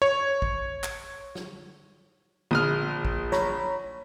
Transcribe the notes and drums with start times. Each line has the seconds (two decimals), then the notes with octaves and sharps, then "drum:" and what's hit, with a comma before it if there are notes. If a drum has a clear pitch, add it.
0.02 C#5
0.42 drum: kick
0.84 drum: clap
1.35 drum: snare
2.51 A#1 D#6 F6, drum: tom C#3
3.05 drum: kick
3.32 C#5 A#5 B5, drum: snare